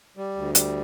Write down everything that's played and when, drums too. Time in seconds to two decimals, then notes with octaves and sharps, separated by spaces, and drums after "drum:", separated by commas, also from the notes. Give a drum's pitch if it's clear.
0.17 G3
0.36 D2
0.55 G3, drum: hi-hat